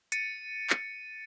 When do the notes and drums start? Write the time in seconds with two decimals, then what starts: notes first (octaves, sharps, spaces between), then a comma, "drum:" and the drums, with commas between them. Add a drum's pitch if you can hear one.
0.12 A6 C#7 D#7, drum: hi-hat
0.70 drum: clap